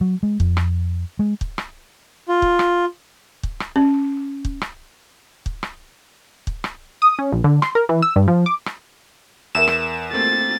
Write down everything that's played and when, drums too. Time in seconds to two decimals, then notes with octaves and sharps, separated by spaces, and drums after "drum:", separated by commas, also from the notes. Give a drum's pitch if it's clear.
0.01 F#3
0.23 G#3
0.40 F2, drum: kick
0.57 drum: rim click
1.19 G#3
1.41 drum: kick
1.58 drum: rim click
2.29 F4
2.42 drum: kick
2.59 drum: rim click
3.43 drum: kick
3.60 drum: rim click
3.76 C#4
4.45 drum: kick
4.61 drum: rim click
5.46 drum: kick
5.63 drum: rim click
6.47 drum: kick
6.64 drum: rim click
7.02 D#6
7.19 C#4
7.32 A#1
7.44 D3
7.62 C6, drum: rim click
7.75 A#4
7.89 E3
8.02 E6
8.16 G2
8.28 F3
8.46 D6
8.66 drum: rim click
9.55 E2 A#4 E5 E6 E7
9.67 drum: rim click
10.13 A3 A#3 C4 A6